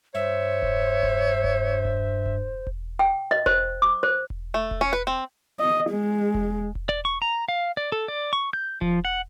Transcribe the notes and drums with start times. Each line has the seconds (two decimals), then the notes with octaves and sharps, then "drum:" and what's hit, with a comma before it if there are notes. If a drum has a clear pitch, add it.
0.14 G2 C5 C#5 E5
0.62 drum: kick E1
1.03 drum: kick E1
1.44 drum: kick E1
1.85 drum: kick E1
2.26 drum: kick E1
2.67 drum: kick E1
2.99 G5
3.31 D#5
3.46 C5, drum: kick E1
3.82 D6
4.03 C5
4.30 drum: kick E1
4.54 A3
4.71 drum: kick E1
4.81 C#4
4.93 B4
5.07 C4
5.60 D#5
5.89 G#3
6.34 drum: kick E1
6.75 drum: kick E1
6.89 D5
7.05 C#6
7.22 A#5
7.49 F5
7.77 D5
7.92 A4
8.08 D5
8.33 C#6
8.53 G6
8.81 F3, drum: kick E1
9.05 F#5